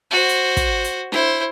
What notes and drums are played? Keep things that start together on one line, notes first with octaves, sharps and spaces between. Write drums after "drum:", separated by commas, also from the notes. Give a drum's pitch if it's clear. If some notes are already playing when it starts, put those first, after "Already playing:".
F#4 C5
drum: hi-hat
drum: kick, hi-hat
drum: hi-hat
E4 C5, drum: snare D4